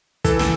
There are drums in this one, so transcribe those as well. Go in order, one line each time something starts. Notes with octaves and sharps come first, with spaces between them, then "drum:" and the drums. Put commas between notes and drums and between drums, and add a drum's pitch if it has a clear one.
E3 A4, drum: kick, hi-hat
drum: snare